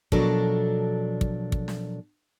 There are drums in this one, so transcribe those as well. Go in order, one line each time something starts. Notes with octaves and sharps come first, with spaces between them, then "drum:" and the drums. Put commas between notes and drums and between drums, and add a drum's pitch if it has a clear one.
B2 F3 F#3 D4 A4 A#4, drum: kick
drum: kick
drum: kick
drum: snare